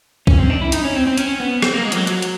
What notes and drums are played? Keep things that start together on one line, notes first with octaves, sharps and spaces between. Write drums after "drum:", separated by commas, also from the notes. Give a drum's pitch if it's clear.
C#4, drum: kick B1
C4
D4
E4
D#4, drum: hi-hat
C#4
C4
C4
C#4, drum: hi-hat
B3
C4, drum: rim click
A#3
G#3
F3, drum: hi-hat
F#3
F#3, drum: hi-hat
drum: hi-hat